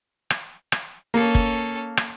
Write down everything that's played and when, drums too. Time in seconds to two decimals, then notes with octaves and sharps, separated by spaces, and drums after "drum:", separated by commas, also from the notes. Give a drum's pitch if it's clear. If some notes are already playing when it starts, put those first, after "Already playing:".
0.30 drum: rim click
0.72 drum: rim click
1.14 A#3 C#4 A4
1.35 drum: kick
1.97 drum: rim click